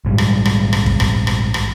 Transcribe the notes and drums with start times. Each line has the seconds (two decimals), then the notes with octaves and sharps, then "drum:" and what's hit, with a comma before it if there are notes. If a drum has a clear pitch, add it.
0.05 A#1 G#2 F3 G3
0.18 drum: rim click
0.45 drum: rim click
0.73 drum: rim click
0.86 drum: kick
1.00 drum: rim click
1.27 drum: rim click
1.54 drum: rim click